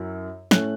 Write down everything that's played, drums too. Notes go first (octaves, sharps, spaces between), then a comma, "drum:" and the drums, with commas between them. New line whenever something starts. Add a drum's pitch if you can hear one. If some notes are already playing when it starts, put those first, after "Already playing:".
Already playing: F#2 F#3 E4
A2 A3 C#4 F#6, drum: snare